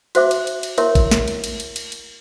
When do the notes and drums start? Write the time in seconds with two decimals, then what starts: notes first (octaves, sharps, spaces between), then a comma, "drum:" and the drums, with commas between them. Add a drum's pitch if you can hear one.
0.15 F#4 C5 E5 D6, drum: cymbal
0.31 drum: cymbal
0.47 drum: cymbal
0.63 drum: cymbal
0.78 E4 A#4 C#5 E5 C6, drum: cymbal
0.95 drum: kick G#1, cymbal
1.11 drum: snare
1.28 drum: cymbal
1.44 drum: cymbal
1.60 drum: cymbal
1.76 drum: cymbal
1.92 drum: cymbal